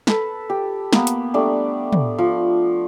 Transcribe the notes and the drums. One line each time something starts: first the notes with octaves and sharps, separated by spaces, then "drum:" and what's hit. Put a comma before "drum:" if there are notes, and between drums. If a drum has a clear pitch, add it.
A4 B4, drum: snare
G4
A#3 B3, drum: snare
drum: hi-hat
G3 A3 D4
drum: tom
F3